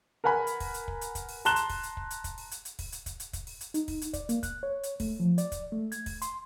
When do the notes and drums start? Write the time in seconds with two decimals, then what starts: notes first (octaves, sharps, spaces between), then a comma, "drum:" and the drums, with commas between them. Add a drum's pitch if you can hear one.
0.24 A#4 B4 F#5 G#5 B5
0.47 drum: hi-hat
0.60 drum: kick, open hi-hat
0.74 drum: hi-hat
0.88 drum: kick
1.01 drum: hi-hat
1.15 drum: kick, hi-hat
1.29 drum: open hi-hat
1.45 A5 A#5 C6 F#6 E7 G7, drum: hi-hat
1.56 drum: hi-hat
1.70 drum: kick, open hi-hat
1.83 drum: hi-hat
1.97 drum: kick
2.11 drum: hi-hat
2.24 drum: kick, hi-hat
2.38 drum: open hi-hat
2.51 drum: hi-hat
2.65 drum: hi-hat
2.79 drum: kick, open hi-hat
2.92 drum: hi-hat
3.06 drum: kick, hi-hat
3.20 drum: hi-hat
3.33 drum: kick, hi-hat
3.47 drum: open hi-hat
3.61 drum: hi-hat
3.74 D#4, drum: hi-hat
3.88 drum: kick, open hi-hat
4.02 drum: hi-hat
4.13 D5, drum: kick, hi-hat
4.29 A#3, drum: hi-hat
4.43 F#6, drum: kick, hi-hat
4.63 C#5
4.83 drum: hi-hat
5.00 A3, drum: kick, open hi-hat
5.20 F3
5.38 D5, drum: hi-hat
5.52 drum: kick, hi-hat
5.72 A3
5.92 G#6, drum: hi-hat
6.06 drum: kick, open hi-hat
6.22 C6, drum: hi-hat